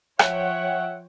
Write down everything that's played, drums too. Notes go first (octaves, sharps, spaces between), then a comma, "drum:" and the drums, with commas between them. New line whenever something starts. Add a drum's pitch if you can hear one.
F3 C#5 E5 F#5 G5, drum: rim click